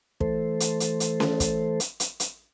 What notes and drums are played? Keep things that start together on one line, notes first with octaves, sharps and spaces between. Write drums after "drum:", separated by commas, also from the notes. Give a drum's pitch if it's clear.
E3 A3 A4 C5, drum: kick
drum: hi-hat
drum: hi-hat
drum: hi-hat
drum: snare C#4
drum: kick, hi-hat
drum: hi-hat
drum: hi-hat
drum: hi-hat